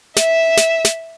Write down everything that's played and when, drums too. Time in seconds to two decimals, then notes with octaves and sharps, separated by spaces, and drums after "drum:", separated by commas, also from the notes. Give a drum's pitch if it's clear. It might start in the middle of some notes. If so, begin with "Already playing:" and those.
0.16 E5, drum: snare
0.57 drum: snare
0.85 drum: snare